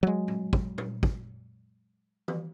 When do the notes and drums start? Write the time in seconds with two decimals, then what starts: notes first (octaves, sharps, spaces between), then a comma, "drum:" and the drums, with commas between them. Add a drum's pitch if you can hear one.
0.03 F#3 G#3
0.28 drum: tom A2
0.53 drum: kick
0.78 drum: tom
1.03 drum: kick
2.28 drum: tom E3